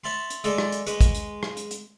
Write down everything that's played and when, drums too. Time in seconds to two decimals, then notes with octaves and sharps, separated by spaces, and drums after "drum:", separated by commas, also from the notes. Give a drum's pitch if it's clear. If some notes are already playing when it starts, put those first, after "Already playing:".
0.04 C#5 E5 A5 B5 C6
0.30 drum: hi-hat
0.44 G#3 G#4 A4 D5 E5 D#6, drum: hi-hat
0.58 drum: rim click
0.72 drum: hi-hat
0.86 G#3 B4 C#6, drum: hi-hat
1.01 drum: kick A1, hi-hat
1.15 drum: hi-hat
1.43 drum: rim click
1.57 drum: hi-hat
1.71 drum: hi-hat